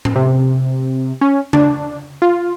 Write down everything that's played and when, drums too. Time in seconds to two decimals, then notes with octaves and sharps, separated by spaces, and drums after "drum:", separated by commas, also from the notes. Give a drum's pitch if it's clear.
0.05 drum: tom A2
0.16 C3
1.21 C#4
1.53 D4, drum: tom C#3
2.22 F4